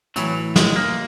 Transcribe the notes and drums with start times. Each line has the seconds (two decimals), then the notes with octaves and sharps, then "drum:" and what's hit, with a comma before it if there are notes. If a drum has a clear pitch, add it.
0.16 A2 E3 F#3, drum: hi-hat
0.56 G#3, drum: snare
0.76 A#3